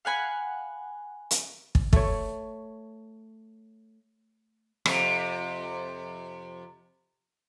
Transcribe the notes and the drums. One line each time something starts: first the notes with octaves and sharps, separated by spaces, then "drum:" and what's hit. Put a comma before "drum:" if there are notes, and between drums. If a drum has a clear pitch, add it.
F5 F#5 G#5 B5
drum: hi-hat
drum: kick
A3 C#5, drum: kick
F2 C3, drum: rim click